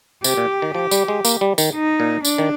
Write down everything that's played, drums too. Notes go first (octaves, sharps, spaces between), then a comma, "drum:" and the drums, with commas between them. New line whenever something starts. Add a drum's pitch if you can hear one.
C3 G4, drum: tambourine
A#2
D#3
F3 G4
G3, drum: tambourine
G#3
A#3, drum: tambourine
G3
D#3, drum: tambourine
D#4
A#2
D4, drum: tambourine
D#3